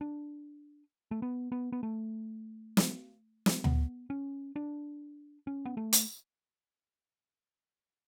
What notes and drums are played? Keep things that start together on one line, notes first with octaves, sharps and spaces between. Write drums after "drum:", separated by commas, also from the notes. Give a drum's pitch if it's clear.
D4
A3
B3
B3
B3
A3
drum: snare
drum: snare
B3, drum: tom D2
C#4
D4
C#4
B3
A3
drum: hi-hat